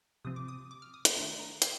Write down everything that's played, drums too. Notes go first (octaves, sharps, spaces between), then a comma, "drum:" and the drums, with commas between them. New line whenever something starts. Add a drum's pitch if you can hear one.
C3 F3 C4 D#6
D6
D#6
D6
F6
D#6
C6, drum: hi-hat
D#3 A3 D4 A#5
A#5
G5, drum: hi-hat